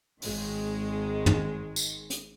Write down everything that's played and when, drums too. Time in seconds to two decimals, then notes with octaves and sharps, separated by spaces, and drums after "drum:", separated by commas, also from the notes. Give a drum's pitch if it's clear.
0.22 G#1 D#3 G#3, drum: open hi-hat
1.26 drum: tom
1.76 drum: tambourine
2.10 drum: hi-hat